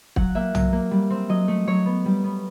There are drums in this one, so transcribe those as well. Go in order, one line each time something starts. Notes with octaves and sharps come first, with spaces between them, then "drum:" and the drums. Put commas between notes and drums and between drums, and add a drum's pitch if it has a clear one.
F#3 F#5, drum: kick
A#3 E5
F#3, drum: tom
A#3
G3
C4
F#3 D#5
A3
F#3 C#5
B3
G3
B3